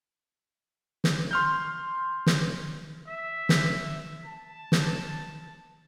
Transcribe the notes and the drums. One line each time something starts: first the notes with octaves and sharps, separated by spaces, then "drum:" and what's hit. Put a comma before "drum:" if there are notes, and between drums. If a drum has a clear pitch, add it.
drum: snare
C6 F6 G6
drum: snare
E5
drum: snare
A5
drum: snare